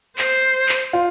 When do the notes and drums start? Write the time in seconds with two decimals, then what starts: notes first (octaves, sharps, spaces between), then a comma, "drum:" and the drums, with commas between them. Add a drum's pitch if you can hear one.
0.18 C5, drum: clap
0.69 drum: clap
0.93 F4